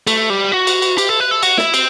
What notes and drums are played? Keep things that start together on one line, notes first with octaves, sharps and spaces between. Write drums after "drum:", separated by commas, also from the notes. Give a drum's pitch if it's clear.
A3, drum: cymbal
G3
F#4
drum: cymbal
drum: cymbal
G4, drum: cymbal
A4
B4
A4
F#4, drum: cymbal
E4, drum: snare
C4, drum: cymbal